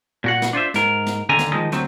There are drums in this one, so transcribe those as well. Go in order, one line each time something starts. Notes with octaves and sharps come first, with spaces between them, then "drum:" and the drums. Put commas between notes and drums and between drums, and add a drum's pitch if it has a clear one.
A#2 F#4 F#5
drum: snare
D4 F4 C5 E5
G#2 A#4, drum: snare
drum: snare
D#2 D3 G#5 A#5
drum: snare
D#3 F3 G#3 D#4
D2 F#3 C4, drum: snare